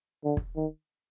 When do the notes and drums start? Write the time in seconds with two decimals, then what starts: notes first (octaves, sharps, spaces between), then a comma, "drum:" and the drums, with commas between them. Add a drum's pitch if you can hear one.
0.24 D3
0.37 drum: kick
0.56 D#3